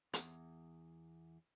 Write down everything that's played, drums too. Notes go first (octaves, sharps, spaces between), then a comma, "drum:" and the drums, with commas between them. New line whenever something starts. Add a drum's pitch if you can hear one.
E2, drum: hi-hat